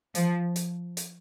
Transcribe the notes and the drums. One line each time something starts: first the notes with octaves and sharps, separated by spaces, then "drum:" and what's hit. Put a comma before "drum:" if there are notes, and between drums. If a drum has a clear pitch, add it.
F3, drum: hi-hat
drum: hi-hat
drum: hi-hat